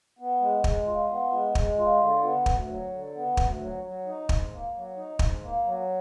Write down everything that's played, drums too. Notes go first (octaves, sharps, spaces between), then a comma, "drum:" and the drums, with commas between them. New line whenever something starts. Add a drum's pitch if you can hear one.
B3
G#3
G#3, drum: kick
F4
B3
G#3
G#3, drum: kick
F4
D3
B3
D2, drum: kick
F#3
D3
B3
D2, drum: kick
F#3
F#3
D#4
G#2, drum: kick
A#3
F#3
D#4
G#2, drum: kick
A#3
F#3